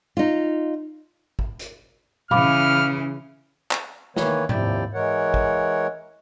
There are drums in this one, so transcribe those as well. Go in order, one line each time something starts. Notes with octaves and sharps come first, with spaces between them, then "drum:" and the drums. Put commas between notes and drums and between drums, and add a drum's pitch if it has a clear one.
D#4 F4
drum: kick
drum: hi-hat
C#3 E3 F5 B5 D6 F6, drum: tom A#2
drum: clap
D#3 E3 A#3 B4 C#5, drum: snare
D#2 C3 F3 E4 D5 G5, drum: tom G#2
E3 G#3 A#4 C#5 F#5
drum: kick